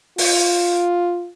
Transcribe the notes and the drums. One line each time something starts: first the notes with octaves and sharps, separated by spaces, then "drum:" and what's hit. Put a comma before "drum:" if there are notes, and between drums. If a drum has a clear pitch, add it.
F4, drum: open hi-hat